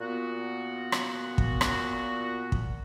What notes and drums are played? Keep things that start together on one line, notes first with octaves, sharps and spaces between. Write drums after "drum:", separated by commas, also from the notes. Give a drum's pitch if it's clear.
A#2 B3 F#4
drum: rim click
drum: kick
drum: rim click
drum: kick